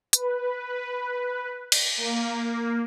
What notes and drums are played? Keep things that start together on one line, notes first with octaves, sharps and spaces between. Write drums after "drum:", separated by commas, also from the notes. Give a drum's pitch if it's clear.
B4, drum: hi-hat
drum: cymbal
A#3